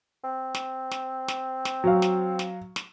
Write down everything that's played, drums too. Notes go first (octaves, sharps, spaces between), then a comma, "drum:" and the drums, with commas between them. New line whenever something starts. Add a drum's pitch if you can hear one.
C4
drum: snare
drum: snare
drum: snare
drum: snare
F#3 F5
drum: snare
drum: snare
drum: snare